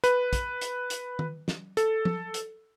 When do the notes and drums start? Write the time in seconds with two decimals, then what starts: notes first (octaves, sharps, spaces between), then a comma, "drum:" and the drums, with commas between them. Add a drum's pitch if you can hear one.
0.04 B4, drum: hi-hat
0.33 drum: kick, hi-hat
0.61 drum: hi-hat
0.90 drum: hi-hat
1.19 drum: tom D#3
1.48 drum: snare
1.77 A4, drum: hi-hat
2.05 drum: tom F3
2.34 drum: hi-hat